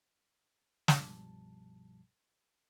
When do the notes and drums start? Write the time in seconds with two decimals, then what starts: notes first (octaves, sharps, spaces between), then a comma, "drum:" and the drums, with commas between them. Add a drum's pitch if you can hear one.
0.88 C2 G2 B2 F3 G3 A5, drum: snare